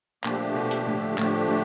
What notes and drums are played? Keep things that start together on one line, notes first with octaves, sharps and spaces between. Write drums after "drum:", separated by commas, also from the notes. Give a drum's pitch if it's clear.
A#2 D3 F3 A3 D4 G4, drum: clap
B2
drum: hi-hat
A2
A2 D3 F3 A3 D4 G4, drum: clap
A2